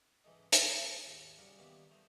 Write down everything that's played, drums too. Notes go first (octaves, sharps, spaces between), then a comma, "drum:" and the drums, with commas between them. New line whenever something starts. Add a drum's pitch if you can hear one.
C#2 G#2 E3 A4 D#5
C#4, drum: hi-hat
D#2 G#2
C#3 G3 F#4 A#4 F#5
D#3 G3 A#3 B3 E4
A3 C5 A#5 D#6